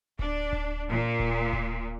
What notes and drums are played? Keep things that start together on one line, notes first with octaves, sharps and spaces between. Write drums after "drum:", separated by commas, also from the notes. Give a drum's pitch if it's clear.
D4, drum: kick D1
drum: kick D1
A#2
drum: kick D1
drum: kick D1